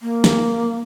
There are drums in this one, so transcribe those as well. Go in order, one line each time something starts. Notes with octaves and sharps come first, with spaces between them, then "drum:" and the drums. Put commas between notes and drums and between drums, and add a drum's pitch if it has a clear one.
A#3
drum: snare